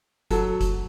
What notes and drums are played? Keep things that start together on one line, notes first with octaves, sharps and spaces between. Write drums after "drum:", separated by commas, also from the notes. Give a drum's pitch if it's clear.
F#3 A4, drum: kick F1, hi-hat
drum: kick F1, hi-hat